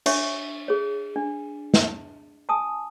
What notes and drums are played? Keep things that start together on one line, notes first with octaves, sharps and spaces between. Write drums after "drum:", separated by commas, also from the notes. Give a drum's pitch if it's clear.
D4 C#5 E5 C#6, drum: cymbal
G#4 C#5
D4
drum: snare
G#5 A5 D#6